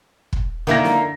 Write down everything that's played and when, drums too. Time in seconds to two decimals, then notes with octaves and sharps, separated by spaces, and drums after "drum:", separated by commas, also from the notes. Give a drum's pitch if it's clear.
0.33 drum: kick
0.67 D3 D#3 A#3 E4 E5 A#6
0.84 drum: snare